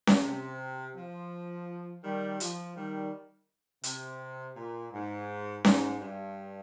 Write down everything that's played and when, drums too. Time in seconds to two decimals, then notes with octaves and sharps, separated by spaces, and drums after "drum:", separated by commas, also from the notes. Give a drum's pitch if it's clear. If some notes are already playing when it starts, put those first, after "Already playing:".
0.07 drum: snare C#4
0.24 C3
0.96 F3
2.04 D#3 G3
2.40 F3, drum: hi-hat
2.76 D#3 G3
3.83 C3, drum: hi-hat
4.56 A#2
4.92 G#2
5.65 G#2, drum: snare C#4
6.00 G2